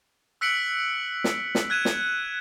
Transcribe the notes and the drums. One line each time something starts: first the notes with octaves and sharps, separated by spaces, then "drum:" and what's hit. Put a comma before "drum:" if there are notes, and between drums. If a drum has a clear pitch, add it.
E6 F#6 B6 C#7 D7 F#7
drum: snare
drum: snare
F#6 G#6 D#7 E7
drum: snare